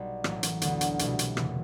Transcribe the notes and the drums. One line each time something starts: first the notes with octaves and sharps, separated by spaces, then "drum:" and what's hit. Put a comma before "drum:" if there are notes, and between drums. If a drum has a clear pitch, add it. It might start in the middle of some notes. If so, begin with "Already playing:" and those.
Already playing: B1 G3
A1 A2 F#3, drum: rim click
drum: hi-hat
D2 D3 F#3 B3, drum: hi-hat
drum: hi-hat
C2 B2 F#3 A3, drum: hi-hat
drum: hi-hat
F#1 E2 C3 E3 A3, drum: rim click